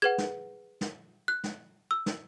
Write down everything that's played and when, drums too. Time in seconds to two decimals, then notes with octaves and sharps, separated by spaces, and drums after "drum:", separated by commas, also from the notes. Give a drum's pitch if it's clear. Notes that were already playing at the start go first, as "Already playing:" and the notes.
0.02 G#4 B4 F#5 G#6
0.18 drum: snare
0.81 drum: snare
1.28 F#6
1.44 drum: snare
1.91 E6
2.06 drum: snare